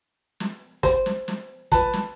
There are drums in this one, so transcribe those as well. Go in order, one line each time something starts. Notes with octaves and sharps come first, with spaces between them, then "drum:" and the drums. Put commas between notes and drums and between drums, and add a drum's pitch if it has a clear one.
drum: snare
C5, drum: kick, hi-hat
drum: snare
drum: snare
B4 A5, drum: kick, hi-hat
drum: snare